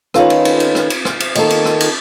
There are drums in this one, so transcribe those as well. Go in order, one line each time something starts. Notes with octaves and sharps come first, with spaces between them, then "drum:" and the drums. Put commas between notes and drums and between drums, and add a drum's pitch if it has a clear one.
D#3 C#4 D#4 F4 A4 B4, drum: rim click
drum: cymbal
drum: cymbal
drum: cymbal
drum: rim click
drum: cymbal
drum: rim click
drum: cymbal
D#3 A#3 A4, drum: cymbal
drum: cymbal
drum: rim click
drum: cymbal